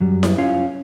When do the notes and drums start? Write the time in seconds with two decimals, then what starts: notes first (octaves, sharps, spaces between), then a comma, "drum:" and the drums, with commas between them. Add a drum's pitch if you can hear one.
0.01 F#2 F#3 G3
0.23 drum: snare E4
0.38 C#4 F4 C#5 F5